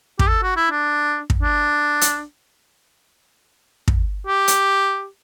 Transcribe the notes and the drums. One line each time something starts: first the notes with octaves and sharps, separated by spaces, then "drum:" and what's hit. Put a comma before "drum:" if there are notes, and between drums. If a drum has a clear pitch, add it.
G4, drum: kick
A4
F#4
E4
D4
drum: kick
D4
drum: hi-hat
drum: kick
G4
drum: hi-hat